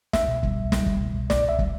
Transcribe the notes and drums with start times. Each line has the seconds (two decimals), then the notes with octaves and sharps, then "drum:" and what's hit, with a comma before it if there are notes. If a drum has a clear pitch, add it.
0.13 C2 E5, drum: snare
0.28 B2
0.43 G3, drum: kick
0.57 C2
0.72 G3, drum: snare
0.86 C2, drum: kick
1.01 B2
1.15 C2
1.30 C2 D5, drum: snare
1.44 C2 E5
1.59 G3, drum: kick